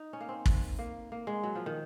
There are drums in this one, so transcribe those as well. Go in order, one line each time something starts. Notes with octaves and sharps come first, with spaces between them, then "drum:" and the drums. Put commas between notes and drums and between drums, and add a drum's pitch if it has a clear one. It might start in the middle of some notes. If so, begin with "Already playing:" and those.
Already playing: D#4
C#4
A#3
C4
drum: kick
A#3
A#3
G#3
F#3
F3
D#3